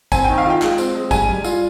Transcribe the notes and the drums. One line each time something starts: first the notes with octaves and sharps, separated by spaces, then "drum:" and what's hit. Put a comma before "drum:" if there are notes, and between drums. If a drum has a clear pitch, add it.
C4 G#5, drum: kick G#1, tambourine
D#3 G5
F5
F4 G5
G#3, drum: clap
C4, drum: tambourine
G#3
G3 G#5, drum: kick G#1, tambourine
G3
F4, drum: tambourine